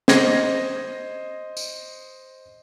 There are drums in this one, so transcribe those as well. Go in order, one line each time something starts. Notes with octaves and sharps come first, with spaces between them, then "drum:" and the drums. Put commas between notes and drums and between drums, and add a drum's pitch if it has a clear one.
C5 D#5 G#6 A#6, drum: snare
drum: tambourine